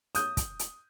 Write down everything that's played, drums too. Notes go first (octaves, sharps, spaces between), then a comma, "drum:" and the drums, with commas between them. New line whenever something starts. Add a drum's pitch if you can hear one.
D#6 G6, drum: hi-hat
drum: kick, hi-hat
drum: hi-hat